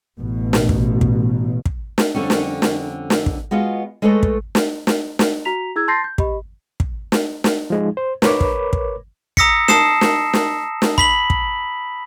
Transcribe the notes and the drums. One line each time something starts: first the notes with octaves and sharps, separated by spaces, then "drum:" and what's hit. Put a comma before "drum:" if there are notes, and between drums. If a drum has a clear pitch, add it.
A1 B2
drum: snare
drum: kick
drum: kick
drum: kick
drum: snare
F2 D3 G3 C#4
drum: snare
drum: snare
drum: snare
drum: kick
G#3 B3 F4 F#4 D#5
G#3 A3 A4 B4 C#5 D#5
drum: kick
drum: snare
drum: snare
drum: snare
F#4 A#5 B6 F7
E4 G#4 E6 G#6
A5 C6 G6 A6 A#6 C7
G6
G4 D#5 B5, drum: kick
drum: kick
drum: snare
drum: snare
F3 G#3 D#4
C5
A#4 B4 C#5 B5 D6, drum: snare
drum: kick
drum: kick
A#5 D#6 E6 A#6 B6 C#7, drum: kick
A5 D#6 C7 E7, drum: snare
drum: snare
drum: snare
drum: snare
B5 B6 F#7, drum: kick
drum: kick